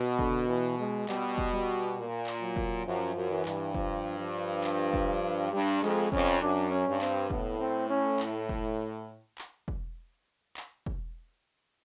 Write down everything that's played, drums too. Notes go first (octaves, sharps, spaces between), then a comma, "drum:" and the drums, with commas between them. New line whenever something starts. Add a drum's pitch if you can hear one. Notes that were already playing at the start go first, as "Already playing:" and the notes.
Already playing: B2
D3, drum: kick
E3
G#3
B2 G3, drum: clap
drum: kick
G3
A#2
drum: clap
F#3
drum: kick
F#2 F3
F#2
E3
G2, drum: clap
F3, drum: kick
F3
drum: clap
drum: kick
G2 G3
F2 G#3, drum: clap
F2 C#4, drum: kick
F#2 D4
C#4
G2
C4, drum: clap
A2 B3, drum: kick
C4
C#4
drum: clap
drum: kick
drum: clap
drum: kick
drum: clap
drum: kick